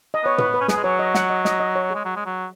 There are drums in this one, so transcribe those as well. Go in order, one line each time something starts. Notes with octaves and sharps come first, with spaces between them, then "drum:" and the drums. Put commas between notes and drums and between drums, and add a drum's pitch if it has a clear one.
D#5
B3 C#5
B4, drum: tom
B4
C#4
B3 G#4, drum: snare
G#3
F#3 C#5
D#5
F#5, drum: snare
D#5
D#5, drum: snare
D#5
C#5
G#4
G#3
F#3
G#3
F#3